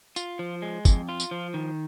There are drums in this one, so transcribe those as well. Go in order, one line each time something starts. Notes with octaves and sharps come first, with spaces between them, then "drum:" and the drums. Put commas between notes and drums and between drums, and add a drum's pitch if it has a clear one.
F4, drum: tambourine
F3
G#3
F2, drum: kick, tambourine
F4
drum: tambourine
F3
D#3